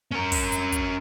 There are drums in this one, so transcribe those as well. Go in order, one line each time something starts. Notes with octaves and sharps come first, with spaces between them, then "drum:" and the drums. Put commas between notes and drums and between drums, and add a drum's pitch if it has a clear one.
C#4 A#4
drum: kick, open hi-hat
drum: hi-hat
drum: kick, hi-hat